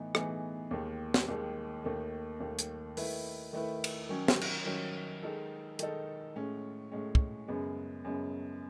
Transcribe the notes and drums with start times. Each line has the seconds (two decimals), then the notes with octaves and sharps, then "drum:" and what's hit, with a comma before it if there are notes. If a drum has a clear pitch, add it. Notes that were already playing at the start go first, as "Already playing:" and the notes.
Already playing: A2 E3 B3 D#4
0.15 A2 E3 B3 D#4 G#4, drum: rim click
0.71 D#2 D#3 G#3
1.14 drum: snare
1.28 D#2 D#3 G#3
1.84 D#2 D#3 A3
2.40 D#2 D#3 A3
2.59 drum: hi-hat
2.97 D#3 A3 E4 B4, drum: open hi-hat
3.53 D#3 A3 E4 B4
3.84 drum: cymbal
4.09 D#3 F#3 C#4
4.28 drum: snare
4.41 drum: cymbal
4.66 D#3 F#3 C#4
5.23 D#3 G#3 D#4 A4
5.79 D#3 G#3 D#4 A4, drum: hi-hat
6.36 A2 G#3 C#4
6.92 A2 G#3 C#4
7.15 drum: kick
7.48 F#2 C#3 G#3 B3
8.05 F#2 C#3 G#3 B3